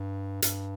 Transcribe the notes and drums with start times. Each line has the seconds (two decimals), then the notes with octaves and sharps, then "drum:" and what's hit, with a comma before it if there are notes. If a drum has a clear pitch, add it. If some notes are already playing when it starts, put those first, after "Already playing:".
Already playing: G2
0.42 G2, drum: hi-hat